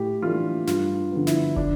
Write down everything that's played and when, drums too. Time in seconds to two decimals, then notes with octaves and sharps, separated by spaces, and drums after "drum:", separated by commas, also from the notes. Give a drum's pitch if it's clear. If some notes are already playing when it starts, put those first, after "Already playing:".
Already playing: A2 G4
0.22 E3 A3 D4 F4
0.67 G2 F4, drum: snare
1.12 D3 F3 B3
1.27 E4, drum: snare
1.56 D3 D4, drum: kick